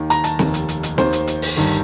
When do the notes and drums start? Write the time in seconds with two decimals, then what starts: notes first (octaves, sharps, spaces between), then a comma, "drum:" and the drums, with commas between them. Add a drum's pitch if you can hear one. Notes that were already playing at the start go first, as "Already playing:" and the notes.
Already playing: D#2 D#3
0.10 A#5, drum: hi-hat
0.24 A5, drum: hi-hat
0.39 F1 D#2 D#3, drum: snare
0.54 drum: hi-hat
0.69 drum: hi-hat
0.83 drum: hi-hat
0.98 D#2 D#3 C5, drum: snare
1.13 drum: hi-hat
1.27 drum: hi-hat
1.42 drum: open hi-hat
1.57 G1 G2 D#3